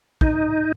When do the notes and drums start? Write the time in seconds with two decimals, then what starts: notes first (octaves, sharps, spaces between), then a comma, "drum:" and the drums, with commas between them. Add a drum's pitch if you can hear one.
0.21 D#4, drum: kick